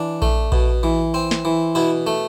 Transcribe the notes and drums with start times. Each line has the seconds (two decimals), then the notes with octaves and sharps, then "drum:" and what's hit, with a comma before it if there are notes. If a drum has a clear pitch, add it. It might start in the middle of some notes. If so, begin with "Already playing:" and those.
Already playing: E3 D4
0.22 A3, drum: kick A#1
0.52 B2, drum: kick A#1
0.83 E3
1.14 C4
1.31 drum: snare
1.45 E3
1.75 B2 E4
2.07 A3